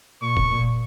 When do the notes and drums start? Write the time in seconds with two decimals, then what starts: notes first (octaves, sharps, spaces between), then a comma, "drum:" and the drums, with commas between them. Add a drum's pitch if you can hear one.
0.22 A#2 C#6
0.37 drum: kick E1
0.51 A#2